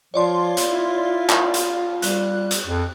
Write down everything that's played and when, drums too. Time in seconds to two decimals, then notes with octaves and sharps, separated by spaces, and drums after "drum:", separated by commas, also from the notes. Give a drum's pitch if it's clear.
0.14 F3 F4 C#5 D5 C6
0.57 drum: hi-hat
0.69 E4
1.30 drum: clap
1.54 drum: hi-hat
2.02 G3 F#6, drum: hi-hat
2.51 drum: hi-hat
2.66 F2